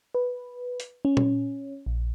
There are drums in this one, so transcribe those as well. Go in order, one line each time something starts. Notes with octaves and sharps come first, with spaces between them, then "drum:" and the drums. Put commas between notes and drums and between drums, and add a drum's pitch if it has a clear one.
B4
drum: hi-hat
C#4
drum: tom A#2
A#1